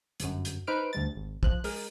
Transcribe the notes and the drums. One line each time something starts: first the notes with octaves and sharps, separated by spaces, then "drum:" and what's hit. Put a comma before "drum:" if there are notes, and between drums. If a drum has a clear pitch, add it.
G1 F#2, drum: hi-hat
drum: hi-hat
D#4 B4 C5 F6 D7
D2 G3 A6
G#1
F3 F#6, drum: kick
G#3 A#4, drum: open hi-hat